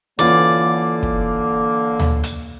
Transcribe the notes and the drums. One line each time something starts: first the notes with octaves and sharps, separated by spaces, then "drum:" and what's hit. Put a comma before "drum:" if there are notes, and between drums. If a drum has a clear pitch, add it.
D3 E3 A#3 C#4 F4 D5
drum: kick
drum: tom D2
drum: hi-hat